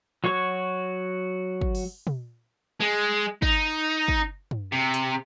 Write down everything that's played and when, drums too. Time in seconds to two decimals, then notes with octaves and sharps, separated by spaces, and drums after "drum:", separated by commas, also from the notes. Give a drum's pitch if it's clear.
0.24 F#3 F#4 C#5 C#6
1.61 drum: kick
1.75 drum: open hi-hat
2.07 drum: tom
2.80 G#3
3.42 D#4, drum: kick
4.08 drum: kick
4.51 drum: tom
4.72 C3
4.94 drum: hi-hat